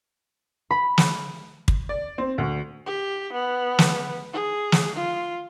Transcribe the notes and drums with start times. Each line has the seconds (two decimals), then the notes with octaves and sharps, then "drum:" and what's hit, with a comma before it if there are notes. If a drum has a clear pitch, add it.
0.71 B5
0.98 drum: snare
1.68 drum: kick
1.89 D5
2.18 C4
2.38 D2
2.86 G4
3.33 B3
3.79 drum: snare
4.33 G#4
4.72 drum: snare
4.95 F4